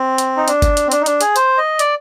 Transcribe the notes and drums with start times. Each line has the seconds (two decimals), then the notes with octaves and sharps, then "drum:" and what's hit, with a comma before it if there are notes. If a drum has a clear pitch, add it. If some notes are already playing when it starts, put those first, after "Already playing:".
Already playing: C4
0.18 drum: hi-hat
0.37 D#4
0.48 D4, drum: hi-hat
0.62 drum: kick G1, hi-hat
0.77 drum: hi-hat
0.87 C4
0.92 D4, drum: hi-hat
1.01 D#4
1.06 D4, drum: hi-hat
1.21 G#4, drum: hi-hat
1.36 C5, drum: hi-hat
1.58 D#5
1.79 D5, drum: hi-hat